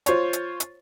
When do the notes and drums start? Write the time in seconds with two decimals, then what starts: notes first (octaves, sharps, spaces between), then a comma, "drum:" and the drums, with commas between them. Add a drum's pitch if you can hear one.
0.06 F4 C5 C#5, drum: hi-hat
0.33 drum: hi-hat
0.60 drum: hi-hat